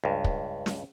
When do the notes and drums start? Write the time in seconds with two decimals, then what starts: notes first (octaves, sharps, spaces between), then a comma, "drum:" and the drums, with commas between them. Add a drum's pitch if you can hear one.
0.04 C#2 G2
0.24 drum: kick
0.66 drum: snare